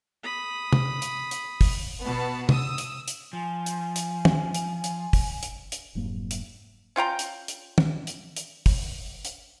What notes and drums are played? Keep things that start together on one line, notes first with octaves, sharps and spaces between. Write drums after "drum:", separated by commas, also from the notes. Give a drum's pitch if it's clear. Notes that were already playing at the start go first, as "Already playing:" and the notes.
B5 D#6
drum: tom
drum: hi-hat
drum: hi-hat
drum: kick, open hi-hat
B2 B3 A5
D#6 E6, drum: tom
drum: hi-hat
drum: hi-hat
F3 G#5
drum: hi-hat
drum: hi-hat
drum: tom
drum: hi-hat
drum: hi-hat
drum: kick, open hi-hat
drum: hi-hat
drum: hi-hat
F1 G#2 F#3 A#3
drum: hi-hat
C#4 F4 G5 A#5
drum: hi-hat
drum: hi-hat
drum: tom
drum: hi-hat
drum: hi-hat
drum: kick, open hi-hat
drum: hi-hat